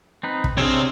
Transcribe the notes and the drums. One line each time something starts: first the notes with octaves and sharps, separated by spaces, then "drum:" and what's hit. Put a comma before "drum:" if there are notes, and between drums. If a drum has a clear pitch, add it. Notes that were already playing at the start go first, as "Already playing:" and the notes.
C4 D#4 B4
drum: kick
C3 C4 D4 G#4 C#5 E6 F6 D7